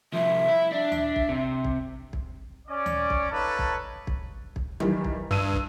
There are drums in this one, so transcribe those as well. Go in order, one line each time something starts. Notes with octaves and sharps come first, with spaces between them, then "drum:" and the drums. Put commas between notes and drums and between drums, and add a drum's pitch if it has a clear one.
C2 F3 E5
E4
D4
drum: tom D2
drum: kick
C3
drum: kick
drum: kick
C#4 D5
drum: tom D2
drum: kick
D#4 A4 B4 C#5 F5 A5
drum: kick
drum: kick
drum: kick
D#3 E3 G3, drum: tom F#3
drum: kick
G2 E6 D#7
drum: kick